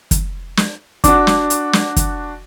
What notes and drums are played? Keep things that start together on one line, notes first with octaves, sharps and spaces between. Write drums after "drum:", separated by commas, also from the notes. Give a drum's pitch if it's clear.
drum: kick, hi-hat
drum: snare
D4 F#4 D6, drum: kick, hi-hat
drum: snare
drum: hi-hat
drum: snare
drum: kick, hi-hat